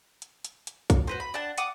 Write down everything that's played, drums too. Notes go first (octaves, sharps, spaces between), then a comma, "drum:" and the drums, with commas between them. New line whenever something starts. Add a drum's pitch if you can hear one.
drum: hi-hat
drum: hi-hat
drum: hi-hat
drum: kick, hi-hat
F#4 B4 C5
B5
D4 F#5 A5
F#5 D6 D#6, drum: hi-hat